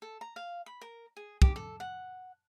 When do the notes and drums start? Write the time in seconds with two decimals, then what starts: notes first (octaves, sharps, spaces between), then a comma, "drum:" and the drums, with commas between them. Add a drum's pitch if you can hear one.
0.02 A4
0.21 A#5
0.36 F5
0.66 B5
0.81 A#4
1.17 G#4
1.42 G4, drum: kick
1.56 A4
1.80 F#5